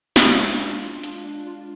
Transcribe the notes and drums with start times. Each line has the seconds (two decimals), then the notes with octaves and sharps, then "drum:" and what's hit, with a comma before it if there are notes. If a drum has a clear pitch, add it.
0.16 G#3 F5, drum: snare
0.38 D4
0.60 D4
0.82 F4
1.03 D4, drum: hi-hat
1.24 D4
1.47 F4